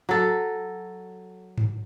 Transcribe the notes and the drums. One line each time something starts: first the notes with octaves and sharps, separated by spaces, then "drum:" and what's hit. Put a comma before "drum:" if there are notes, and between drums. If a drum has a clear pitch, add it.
F#3 A4
drum: tom G2